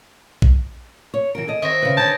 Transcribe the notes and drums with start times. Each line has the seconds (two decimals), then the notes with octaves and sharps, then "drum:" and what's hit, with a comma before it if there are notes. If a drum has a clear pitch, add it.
0.42 drum: kick A#1
1.14 C#5
1.35 E3 F#4 A#4 D7
1.47 G#4 A4 D#5
1.62 D#3 C4 C#5 E5 D#6 A#6
1.83 C#3 B4
1.97 D3 C#4 B4 C#5 G5 A5 G6 G#6